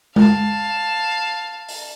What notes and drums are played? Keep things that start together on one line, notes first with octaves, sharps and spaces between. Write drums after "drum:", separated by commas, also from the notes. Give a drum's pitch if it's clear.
F5 A5, drum: tom G#3
drum: open hi-hat